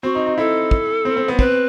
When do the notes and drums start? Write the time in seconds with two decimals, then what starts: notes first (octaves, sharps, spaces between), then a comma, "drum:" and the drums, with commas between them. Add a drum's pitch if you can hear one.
0.03 C4 F#4
0.15 D#4
0.27 D#4
0.38 E4 A4
0.71 drum: kick
1.05 C4
1.17 C4
1.28 B3
1.39 C4 B4, drum: kick